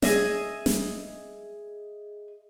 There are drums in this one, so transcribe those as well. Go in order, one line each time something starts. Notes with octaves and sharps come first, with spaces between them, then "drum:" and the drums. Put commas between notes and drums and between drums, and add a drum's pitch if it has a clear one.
G#4 D#5 E5, drum: snare
drum: snare